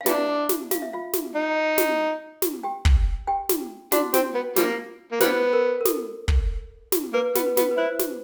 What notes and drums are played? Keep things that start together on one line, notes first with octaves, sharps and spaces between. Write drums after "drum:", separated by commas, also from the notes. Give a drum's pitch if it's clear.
F5
G3 B3 D4 E4 E5, drum: snare
drum: snare
F5, drum: snare
E5
F4 F5
drum: snare
D#4
drum: snare
drum: snare
G4 G5
drum: kick
G4 G5
drum: snare
D4 F#4 F#5, drum: snare
C4, drum: snare
B3
F3 G3 A#3, drum: snare
A#3
E3 G3 B3 C5, drum: snare
A#4
A#4
A4, drum: snare
drum: kick
drum: snare
A#3 B4
B3, drum: snare
B4
B3, drum: snare
B4
E4 C5
drum: snare